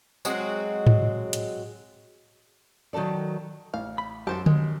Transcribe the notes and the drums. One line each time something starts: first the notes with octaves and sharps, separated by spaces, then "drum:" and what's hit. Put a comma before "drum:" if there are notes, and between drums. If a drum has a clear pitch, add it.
F#3 G#3 C4 F#4, drum: tambourine
drum: tom G#2
drum: hi-hat
D#3 F#3 F#4 A4 D5
A1 F5
B5
F#2 G4 A4 C5 A5
G#3, drum: tom D3